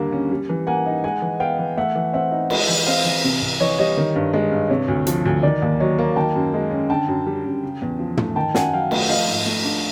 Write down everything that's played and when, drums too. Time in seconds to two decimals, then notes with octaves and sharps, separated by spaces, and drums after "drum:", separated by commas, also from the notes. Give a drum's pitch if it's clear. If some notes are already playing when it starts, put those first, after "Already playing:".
Already playing: D#2 D3 G3 A#3
0.12 C#4
0.31 G3
0.49 E3
0.67 A#3 F#5 G#5
0.86 D#4
1.04 G#3 F#5 G#5
1.22 E3
1.40 B3 F5 G5
1.59 E3
1.77 A3 E5 F#5
1.95 E3
2.13 C4 E5 F#5
2.31 D#4
2.50 G#3, drum: cymbal
2.69 E3
2.86 C4 D#5 F5
3.05 E3
3.24 C3
3.42 C2
3.60 E3 C#5 D#5
3.78 G3 C#5 D#5
3.97 D#3
4.16 G2
4.33 G#3
4.52 G2
4.70 C3 C#5
4.88 D2
5.07 F3, drum: hi-hat
5.26 D2
5.43 D#3 D5
5.62 D#2
5.80 F#3 C#5 D#5
5.98 A#3
6.16 D#3 G5 A5
6.35 F#2
6.54 G#3
6.71 C#4
6.90 D3 G5 A5
7.08 F#2
7.26 G3
7.45 F#2
7.63 C#3
7.82 E2
7.99 F3
8.17 A3, drum: tom
8.36 D#3 G5 A5
8.54 F#2 F#5 G#5, drum: snare
8.73 F#3 F5 G5
8.91 A3, drum: cymbal
9.09 F3 D#5 F5
9.28 G#2
9.46 A3
9.64 D4